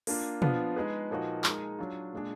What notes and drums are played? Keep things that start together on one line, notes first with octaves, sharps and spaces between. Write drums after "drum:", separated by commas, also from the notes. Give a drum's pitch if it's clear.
A#3 D4 F4, drum: open hi-hat
F3 B3 D4 F4, drum: tom
G#3 D#4 G#4 B4
A#2 F3 A#3 D#4 F#4
G#3 D#4 A#4, drum: clap
F#3 D4 F4
A#2 G#3 D4